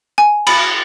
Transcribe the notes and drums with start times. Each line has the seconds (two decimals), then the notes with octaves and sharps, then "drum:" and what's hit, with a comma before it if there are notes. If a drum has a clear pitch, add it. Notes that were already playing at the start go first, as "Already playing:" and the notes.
0.18 G#5
0.47 B5, drum: cymbal